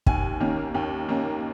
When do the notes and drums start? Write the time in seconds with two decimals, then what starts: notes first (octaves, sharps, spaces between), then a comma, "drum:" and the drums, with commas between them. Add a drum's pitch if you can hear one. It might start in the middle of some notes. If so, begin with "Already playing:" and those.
0.06 D#2 G#5, drum: kick
0.40 D#3 A#3 C#4
0.74 D#2
1.09 D#3 A#3 C#4